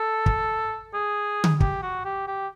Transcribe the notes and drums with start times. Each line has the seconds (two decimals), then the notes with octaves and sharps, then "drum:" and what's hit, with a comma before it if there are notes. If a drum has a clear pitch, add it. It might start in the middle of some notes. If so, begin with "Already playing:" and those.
Already playing: A4
0.26 drum: kick
0.94 G#4
1.44 drum: tom D3
1.60 G4, drum: kick
1.83 F#4
2.05 G4
2.28 G4